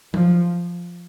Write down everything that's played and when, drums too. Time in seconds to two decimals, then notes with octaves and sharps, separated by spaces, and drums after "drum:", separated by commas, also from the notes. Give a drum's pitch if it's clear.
0.14 F3, drum: tom F#3